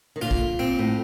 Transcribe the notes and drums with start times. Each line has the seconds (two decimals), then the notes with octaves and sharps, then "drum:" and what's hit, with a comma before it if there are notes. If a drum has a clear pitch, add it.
0.16 D#3
0.21 A#2 D3 F4
0.31 drum: kick
0.59 A#2 C4
0.79 A2